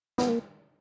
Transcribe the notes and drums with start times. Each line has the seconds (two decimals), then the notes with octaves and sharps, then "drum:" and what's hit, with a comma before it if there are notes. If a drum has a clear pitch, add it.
0.18 B3, drum: snare
0.29 A#3